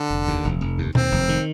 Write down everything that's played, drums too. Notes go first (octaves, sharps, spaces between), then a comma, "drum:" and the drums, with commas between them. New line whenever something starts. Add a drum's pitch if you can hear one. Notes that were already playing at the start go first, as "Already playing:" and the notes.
Already playing: D3
F1
D#2
F1
F1
D#2
D#2 C4, drum: tom B2
F1
D#3